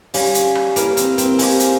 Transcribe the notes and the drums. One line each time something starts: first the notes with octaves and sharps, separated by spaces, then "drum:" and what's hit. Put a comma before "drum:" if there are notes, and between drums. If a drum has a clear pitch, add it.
G3 C#4 G4 C#5 F5 G#5, drum: open hi-hat
drum: hi-hat
drum: rim click
A#3 E4 G4 A#4, drum: hi-hat
C4, drum: hi-hat
C4, drum: hi-hat
G#3 G4 C5 F5 G#5, drum: open hi-hat
drum: hi-hat